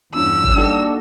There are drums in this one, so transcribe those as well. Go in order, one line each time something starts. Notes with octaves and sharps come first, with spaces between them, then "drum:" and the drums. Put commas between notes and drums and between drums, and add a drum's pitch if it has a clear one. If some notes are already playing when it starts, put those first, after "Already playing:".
E2 G2 C#4 F4 E6
drum: kick
G3 A#3 D4 D#4 F#4 G4 A4